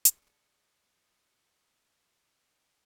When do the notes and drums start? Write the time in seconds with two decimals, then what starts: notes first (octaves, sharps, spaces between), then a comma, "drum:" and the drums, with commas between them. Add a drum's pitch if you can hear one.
0.05 D4 G#4 D#6 C#7, drum: hi-hat